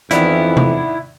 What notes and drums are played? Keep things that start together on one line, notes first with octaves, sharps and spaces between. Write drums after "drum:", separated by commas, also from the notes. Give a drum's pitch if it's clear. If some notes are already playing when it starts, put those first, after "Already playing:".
F2 D#3 E3 B3 D4 E4, drum: hi-hat
drum: tom C3